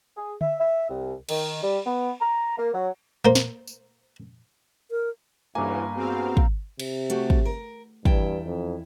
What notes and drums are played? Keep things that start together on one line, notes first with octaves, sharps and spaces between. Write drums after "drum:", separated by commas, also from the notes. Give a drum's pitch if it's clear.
G#4
E5, drum: tom D3
E5
C2
D#3, drum: cymbal
G3
B3
A#5
A#3
F#3
A#3 C5
drum: snare
drum: tambourine
A#4
D2 G2 C#3 E3 A#3 G#5
B3 C4 F#4 G#4 F5
drum: kick
C3, drum: cymbal
A3 F#4 G4, drum: hi-hat
drum: kick
A#4
E2 G2 E4 G5, drum: kick
F2